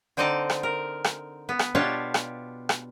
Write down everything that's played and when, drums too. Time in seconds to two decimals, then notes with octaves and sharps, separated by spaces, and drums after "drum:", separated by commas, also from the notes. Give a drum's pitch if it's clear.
0.17 D3 C4 D#4 D5 D#5 A5
0.50 drum: rim click
0.63 A#4
1.04 drum: rim click
1.49 B3
1.59 drum: rim click
1.75 B2 D4 F4 G4 C#5 A5
2.14 drum: rim click
2.69 drum: rim click